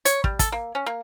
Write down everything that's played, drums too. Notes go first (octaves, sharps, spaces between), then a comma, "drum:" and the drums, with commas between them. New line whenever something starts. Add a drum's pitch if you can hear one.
C#5, drum: hi-hat
G3, drum: kick
A4, drum: kick, hi-hat
A#3
C#4
A#3